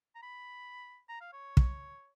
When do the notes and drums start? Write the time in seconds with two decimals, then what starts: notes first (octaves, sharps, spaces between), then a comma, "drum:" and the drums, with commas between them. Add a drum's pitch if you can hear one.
0.15 A#5
0.23 B5
1.09 A#5
1.21 F5
1.33 C#5
1.57 drum: kick